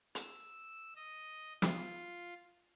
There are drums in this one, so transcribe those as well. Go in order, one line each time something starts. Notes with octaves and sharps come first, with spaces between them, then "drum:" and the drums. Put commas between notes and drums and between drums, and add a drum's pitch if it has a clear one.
E6, drum: hi-hat
D#5
F4, drum: snare